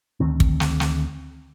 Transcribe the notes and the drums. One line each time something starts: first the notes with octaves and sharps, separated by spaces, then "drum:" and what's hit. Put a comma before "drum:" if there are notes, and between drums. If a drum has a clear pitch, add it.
D2 D#3 C4
drum: kick
drum: snare
drum: snare